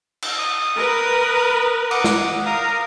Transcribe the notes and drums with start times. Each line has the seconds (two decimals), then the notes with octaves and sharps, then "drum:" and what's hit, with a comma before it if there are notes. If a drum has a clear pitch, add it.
0.22 drum: cymbal
0.39 D#6
0.76 A#4 B4
1.91 F#5 D6 D#6, drum: cymbal
2.04 drum: snare
2.46 A#4 F5 A#5 D#6